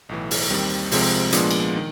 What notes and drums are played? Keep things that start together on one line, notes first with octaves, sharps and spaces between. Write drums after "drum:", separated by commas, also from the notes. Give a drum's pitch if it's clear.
B1 A2 E3
drum: open hi-hat
D#2 D#3 G3 C4
C2 C3 F3 G#3 C4, drum: open hi-hat
A#2 F3 G#3 B3 D4, drum: hi-hat
drum: cymbal
D#3